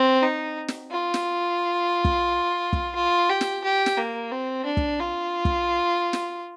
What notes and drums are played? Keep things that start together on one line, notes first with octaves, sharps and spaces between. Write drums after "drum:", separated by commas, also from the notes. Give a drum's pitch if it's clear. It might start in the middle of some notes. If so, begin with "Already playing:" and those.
Already playing: C4
D#4
drum: snare
F4
drum: snare
drum: kick
drum: kick
F4
G4
drum: snare
G4
drum: snare
A#3
C4
D4
drum: kick
F4
drum: kick
drum: snare